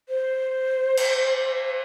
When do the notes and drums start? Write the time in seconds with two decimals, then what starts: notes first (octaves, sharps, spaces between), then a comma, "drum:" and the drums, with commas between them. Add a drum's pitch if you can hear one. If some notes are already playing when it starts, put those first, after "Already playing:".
0.09 C5
0.97 drum: cymbal